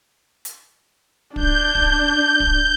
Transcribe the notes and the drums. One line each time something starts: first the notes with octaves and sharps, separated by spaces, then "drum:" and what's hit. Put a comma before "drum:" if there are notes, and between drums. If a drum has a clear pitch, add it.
drum: hi-hat
D4 G6, drum: kick
drum: kick
drum: kick